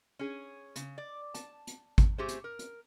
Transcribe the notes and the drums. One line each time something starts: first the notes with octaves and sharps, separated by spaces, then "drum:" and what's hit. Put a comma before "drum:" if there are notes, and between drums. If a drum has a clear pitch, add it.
C#4 G#4
C#3, drum: hi-hat
D5
A5, drum: hi-hat
drum: hi-hat
drum: kick G#1, hi-hat
A3 G4 G#4 C5
drum: hi-hat
A#4
drum: hi-hat